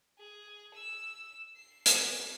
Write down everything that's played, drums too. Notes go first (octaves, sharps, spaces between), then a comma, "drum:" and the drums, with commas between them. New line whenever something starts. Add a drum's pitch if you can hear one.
G#4
E6 E7
C7
drum: hi-hat